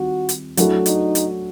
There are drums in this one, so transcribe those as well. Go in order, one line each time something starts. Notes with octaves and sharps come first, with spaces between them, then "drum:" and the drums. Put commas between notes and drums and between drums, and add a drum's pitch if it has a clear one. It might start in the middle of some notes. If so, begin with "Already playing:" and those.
Already playing: D#3 G3 C4 F4 F#4
drum: hi-hat
F#3 A3 D4 E4 F#4 A4, drum: hi-hat
D#4, drum: hi-hat
drum: hi-hat